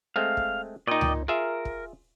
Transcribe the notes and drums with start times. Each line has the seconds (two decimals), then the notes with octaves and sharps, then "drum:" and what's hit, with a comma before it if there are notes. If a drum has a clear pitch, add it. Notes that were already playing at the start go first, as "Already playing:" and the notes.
0.16 G#3 A3 C4 F5
0.37 drum: kick
0.87 A#2 D#4 D5 D#5 G5
1.01 drum: tom C#2
1.28 F4 G#4 A#4 E5
1.65 drum: kick